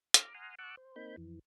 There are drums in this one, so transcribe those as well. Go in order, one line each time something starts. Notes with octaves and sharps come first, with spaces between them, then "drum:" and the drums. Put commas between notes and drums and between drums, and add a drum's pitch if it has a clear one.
A#5 D6 F6, drum: hi-hat
F#5 G#5 A#5 C6 D#6 F6
F#5 A5 C#6 D6 E6 F#6
C5
A#3 C4 D#4 B5 G6
F2 E3